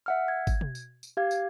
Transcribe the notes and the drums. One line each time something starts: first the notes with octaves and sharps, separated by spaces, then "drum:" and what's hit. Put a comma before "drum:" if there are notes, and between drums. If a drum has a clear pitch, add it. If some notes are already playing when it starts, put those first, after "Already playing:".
E5 F#5 F6
G#6
drum: kick G#1, tambourine
drum: tom B2
drum: tambourine
drum: tambourine
G4 F5 G#6
drum: tambourine